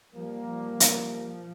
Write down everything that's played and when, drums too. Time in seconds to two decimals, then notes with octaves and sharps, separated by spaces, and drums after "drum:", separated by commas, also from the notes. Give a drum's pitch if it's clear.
0.15 F3 G3 A#3
0.48 F3
0.80 F3, drum: hi-hat